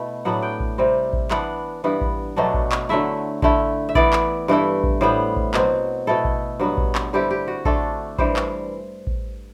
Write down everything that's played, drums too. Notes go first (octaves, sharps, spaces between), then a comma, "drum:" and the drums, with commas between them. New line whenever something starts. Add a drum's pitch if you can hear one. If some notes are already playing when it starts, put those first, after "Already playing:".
Already playing: B2 A3 E4
A2 F#3 B3 D4 F#5
G5
drum: kick A1
C3 G3 C4
drum: kick A1
E3 B3 D4 F#5, drum: clap
G2 E3 B3
drum: kick A1
B2 F#3 A3 D4
drum: kick A1
drum: clap
D3 F#3 A3 E4 E5
D3 A3 E4, drum: kick A1
E5
E3 B3 E4 D5, drum: kick A1
drum: clap
G2 E3 A3 E4
drum: kick A1
A2 G3 B3 C5
drum: kick A1
B2 F#3 C4, drum: clap
B2 A3 E4 A4
drum: kick A1
G2 F#3 B3
drum: kick A1
drum: clap
D3 G3 C4 E4 G4
G4
F#4
D3 A3 D4 A4, drum: kick A1
G2 E3 G3 C5, drum: kick A1
drum: clap
drum: kick A1